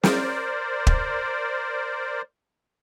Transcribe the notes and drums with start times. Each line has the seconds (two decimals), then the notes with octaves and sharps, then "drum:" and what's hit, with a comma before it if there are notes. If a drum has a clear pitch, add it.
0.03 A#4 C5 D5, drum: snare
0.87 drum: kick